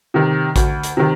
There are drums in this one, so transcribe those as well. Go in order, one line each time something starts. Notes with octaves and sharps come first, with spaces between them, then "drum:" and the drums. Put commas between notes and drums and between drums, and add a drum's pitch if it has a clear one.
C3 D#3
D2, drum: kick A1, hi-hat
drum: hi-hat
C3 D#3